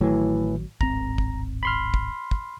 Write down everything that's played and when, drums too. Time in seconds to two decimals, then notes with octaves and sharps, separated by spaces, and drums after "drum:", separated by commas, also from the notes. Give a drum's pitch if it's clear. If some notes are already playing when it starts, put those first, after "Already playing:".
0.01 A1 A2 D#3 E3 F#3
0.81 D1 G#1 C4 A#5, drum: kick
1.18 drum: kick
1.63 B5 C6 F6
1.94 drum: kick
2.31 drum: kick